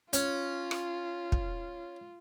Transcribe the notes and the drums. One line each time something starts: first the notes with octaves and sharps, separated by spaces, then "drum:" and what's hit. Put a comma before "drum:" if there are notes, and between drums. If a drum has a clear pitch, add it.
C#4 F4, drum: hi-hat
drum: rim click
drum: kick